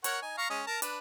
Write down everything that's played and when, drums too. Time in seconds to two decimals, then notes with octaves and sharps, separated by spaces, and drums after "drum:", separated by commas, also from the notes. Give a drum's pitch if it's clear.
0.04 A#4 C#5 F#5, drum: hi-hat
0.22 D#4 G#5
0.38 F5 A#5 C#6
0.50 G#3 C#4 D#5
0.67 A#4 A5 A#5
0.82 D4 B4, drum: hi-hat